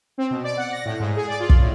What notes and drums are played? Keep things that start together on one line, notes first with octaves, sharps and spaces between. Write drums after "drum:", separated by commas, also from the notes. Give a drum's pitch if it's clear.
C4
B2
D5
F#5
A#6
A2
G#2
G#4
D5
F4
drum: kick
A2